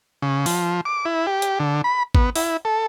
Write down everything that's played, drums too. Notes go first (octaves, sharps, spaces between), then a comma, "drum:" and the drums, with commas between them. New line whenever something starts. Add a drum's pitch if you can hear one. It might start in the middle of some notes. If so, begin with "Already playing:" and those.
C#3
F3, drum: open hi-hat
D6
E4
G4
drum: hi-hat
D3
B5
B3, drum: kick G#1
E4, drum: open hi-hat
A4